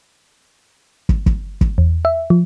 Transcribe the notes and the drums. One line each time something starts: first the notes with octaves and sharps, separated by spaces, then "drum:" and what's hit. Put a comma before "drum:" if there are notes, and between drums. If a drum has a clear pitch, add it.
drum: kick
drum: kick
drum: kick
E2
E5
F3